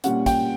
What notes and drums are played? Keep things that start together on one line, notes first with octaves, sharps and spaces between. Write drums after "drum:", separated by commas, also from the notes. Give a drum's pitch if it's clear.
A#2 G3 C#4 F#5, drum: hi-hat
G5, drum: kick, hi-hat